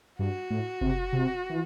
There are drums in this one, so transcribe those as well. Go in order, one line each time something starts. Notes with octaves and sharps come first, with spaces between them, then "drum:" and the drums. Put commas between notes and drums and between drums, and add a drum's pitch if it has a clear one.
G2 F#4
A2
C3, drum: kick F#1
C3
E3